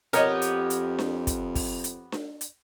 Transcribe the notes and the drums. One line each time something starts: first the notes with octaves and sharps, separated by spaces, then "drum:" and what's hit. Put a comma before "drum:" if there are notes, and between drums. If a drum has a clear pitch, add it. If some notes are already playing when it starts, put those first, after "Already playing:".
F2 B3 G4 A#4 C#5 D#5, drum: hi-hat
drum: hi-hat
drum: hi-hat
drum: snare D4
drum: kick, hi-hat
drum: kick, open hi-hat
drum: hi-hat
drum: snare D4
drum: hi-hat